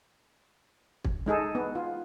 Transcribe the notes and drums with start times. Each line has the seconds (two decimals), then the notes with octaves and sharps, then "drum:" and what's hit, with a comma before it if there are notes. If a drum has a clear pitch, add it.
1.04 drum: kick
1.26 G#3 D#4 G#4 A4
1.55 B3
1.75 F4